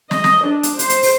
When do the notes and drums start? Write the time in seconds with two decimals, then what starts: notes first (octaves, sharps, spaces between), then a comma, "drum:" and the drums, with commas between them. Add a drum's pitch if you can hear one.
0.11 D#5, drum: snare
0.24 drum: snare
0.44 D4
0.63 drum: hi-hat
0.79 C5, drum: hi-hat
0.90 drum: hi-hat
1.03 drum: open hi-hat